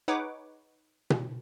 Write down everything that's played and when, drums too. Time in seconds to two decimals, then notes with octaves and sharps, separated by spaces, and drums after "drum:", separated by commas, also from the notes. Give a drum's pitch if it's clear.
0.08 D#4 G#4 B4 C#5 F#5 D6
1.10 drum: tom B2